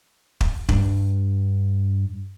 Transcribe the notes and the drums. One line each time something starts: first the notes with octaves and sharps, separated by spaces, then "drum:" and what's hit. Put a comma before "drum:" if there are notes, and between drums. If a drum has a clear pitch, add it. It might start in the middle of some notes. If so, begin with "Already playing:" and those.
drum: kick
G2 D4, drum: kick